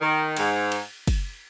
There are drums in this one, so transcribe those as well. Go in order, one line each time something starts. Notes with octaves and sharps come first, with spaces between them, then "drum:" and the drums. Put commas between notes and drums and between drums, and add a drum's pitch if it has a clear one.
D#3
G#2, drum: cymbal
drum: cymbal
drum: kick, cymbal